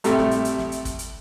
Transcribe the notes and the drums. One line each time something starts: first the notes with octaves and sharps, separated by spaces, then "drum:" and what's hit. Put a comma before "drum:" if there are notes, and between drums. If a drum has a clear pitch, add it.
A2 C3 G3 A3, drum: hi-hat
drum: snare
drum: hi-hat
drum: hi-hat
drum: snare
drum: hi-hat
drum: kick, hi-hat
drum: hi-hat